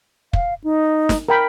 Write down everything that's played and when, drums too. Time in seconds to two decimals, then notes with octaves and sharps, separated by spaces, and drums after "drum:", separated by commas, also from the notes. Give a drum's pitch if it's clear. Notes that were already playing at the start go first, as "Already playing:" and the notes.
0.33 F5, drum: kick
0.64 D#4
1.09 drum: snare
1.29 A#4 G5 B5